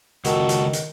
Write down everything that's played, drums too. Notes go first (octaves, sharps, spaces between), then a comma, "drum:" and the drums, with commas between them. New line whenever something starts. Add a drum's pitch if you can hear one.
C#2 D#3 F#4 A4, drum: hi-hat
drum: hi-hat
drum: hi-hat